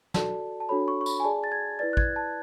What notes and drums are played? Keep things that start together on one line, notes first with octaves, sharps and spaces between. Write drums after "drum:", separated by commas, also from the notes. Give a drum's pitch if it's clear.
F#4 A4 D5 A5, drum: snare
A5
D4 F#4 A4 C#5 B5
C#6
C#6
B5, drum: tambourine
G#5
G#4 D5 A5
A6
G#6
E4 B4 D5 A6
F#6
G#6, drum: kick A1
A5